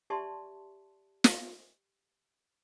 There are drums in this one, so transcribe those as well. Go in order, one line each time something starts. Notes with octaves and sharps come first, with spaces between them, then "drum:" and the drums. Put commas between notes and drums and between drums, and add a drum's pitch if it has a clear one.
G4 D5 E5 A5 C6 C#6
drum: snare